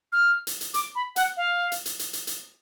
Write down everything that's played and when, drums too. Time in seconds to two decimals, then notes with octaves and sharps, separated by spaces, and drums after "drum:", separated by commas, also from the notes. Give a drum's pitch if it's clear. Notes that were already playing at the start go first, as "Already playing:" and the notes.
0.13 F6
0.47 drum: hi-hat
0.61 drum: hi-hat
0.74 D6, drum: hi-hat
0.96 B5
1.16 F#5, drum: hi-hat
1.37 F5
1.72 drum: hi-hat
1.86 drum: hi-hat
1.99 drum: hi-hat
2.13 drum: hi-hat
2.27 drum: hi-hat